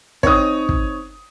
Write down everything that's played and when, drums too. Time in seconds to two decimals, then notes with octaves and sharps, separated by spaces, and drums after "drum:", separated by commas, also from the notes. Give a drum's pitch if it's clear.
0.23 C4 D#4 C#5 D#6, drum: kick
0.69 drum: kick